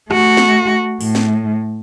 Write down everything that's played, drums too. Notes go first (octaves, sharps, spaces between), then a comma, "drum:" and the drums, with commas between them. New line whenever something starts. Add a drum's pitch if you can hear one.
A3 F#4, drum: rim click
drum: snare
A2, drum: open hi-hat
drum: snare